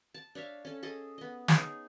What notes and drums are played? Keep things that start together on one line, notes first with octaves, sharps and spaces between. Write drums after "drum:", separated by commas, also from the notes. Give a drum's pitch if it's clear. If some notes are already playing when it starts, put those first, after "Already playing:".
A5
D4 C#5 E5 F5
C#4 A4
G#4 A4 D#5
B3 D#5
D#4 G#4 C#5, drum: snare